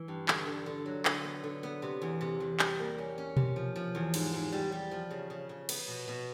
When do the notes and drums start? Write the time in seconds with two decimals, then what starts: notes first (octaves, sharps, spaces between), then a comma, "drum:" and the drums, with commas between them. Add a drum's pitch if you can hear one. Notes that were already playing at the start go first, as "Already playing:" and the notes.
Already playing: E3
0.08 G2
0.28 D3, drum: clap
0.47 D3
0.66 D3
0.86 F#3
1.05 D3, drum: clap
1.24 B3
1.44 D3
1.63 B3
1.82 C3
2.02 E2
2.21 C3
2.40 E2
2.59 G3, drum: clap
2.79 A#3
2.98 C#4
3.18 C#4
3.37 C3, drum: tom B2
3.56 F3
3.76 F3
3.95 E2
4.14 G#2, drum: cymbal
4.33 G#2
4.52 G3
4.72 G3
4.91 F3
5.11 C#3
5.30 C#3
5.49 C#3
5.69 B3, drum: cymbal
5.88 B2
6.08 B2